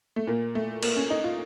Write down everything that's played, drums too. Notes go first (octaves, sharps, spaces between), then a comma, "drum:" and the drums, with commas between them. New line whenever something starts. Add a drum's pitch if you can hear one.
A3
A#2 A#3
A3
A#3, drum: cymbal
C#4
D#4
F4